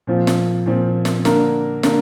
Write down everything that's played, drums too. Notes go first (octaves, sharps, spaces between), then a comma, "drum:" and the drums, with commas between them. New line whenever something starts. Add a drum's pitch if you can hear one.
A#2 F3 C4 F4
drum: snare
A#2 F3 C4 F4
drum: snare
D3 A#3 D4 A#4, drum: snare
D3 A#3 D4 A#4, drum: snare